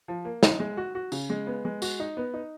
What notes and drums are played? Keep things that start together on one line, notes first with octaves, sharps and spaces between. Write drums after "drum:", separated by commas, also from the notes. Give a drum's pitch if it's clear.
F3
A#3
D#4, drum: snare
G#3
F#4
F#4
C#3, drum: tambourine
G#3
B3
G#3
F#4, drum: tambourine
D#4
B3
D#4